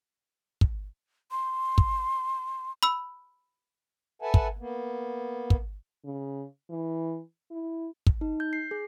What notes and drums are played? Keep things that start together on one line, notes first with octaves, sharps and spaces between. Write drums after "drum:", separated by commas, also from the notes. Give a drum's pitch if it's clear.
drum: kick
C6
drum: kick
B5 E6
A4 B4 E5 F#5 G#5 A5
drum: kick
A#3 B3
drum: kick
C#3
E3
E4
drum: kick
D#4
G6
C7
G#4